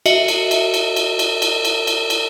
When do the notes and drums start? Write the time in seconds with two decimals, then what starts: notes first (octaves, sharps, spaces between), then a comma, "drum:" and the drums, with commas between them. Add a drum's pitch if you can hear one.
0.06 F#4 D#5 E5, drum: cymbal
0.28 drum: cymbal
0.51 drum: cymbal
0.74 drum: cymbal
0.96 drum: cymbal
1.19 drum: cymbal
1.42 drum: cymbal
1.65 drum: cymbal
1.87 drum: cymbal
2.10 drum: cymbal